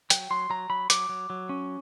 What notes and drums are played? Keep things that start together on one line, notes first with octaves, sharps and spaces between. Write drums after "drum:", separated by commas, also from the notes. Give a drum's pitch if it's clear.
F#3 G5, drum: hi-hat
F#3 C6
F#3 A#5
F#3 B5
F#3 D6, drum: hi-hat
F#3
F#3
C#4